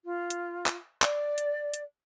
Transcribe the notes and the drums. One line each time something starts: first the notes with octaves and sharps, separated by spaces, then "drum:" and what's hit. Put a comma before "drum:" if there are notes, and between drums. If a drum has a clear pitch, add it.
F4
drum: hi-hat
drum: clap
D5, drum: clap
drum: hi-hat
drum: hi-hat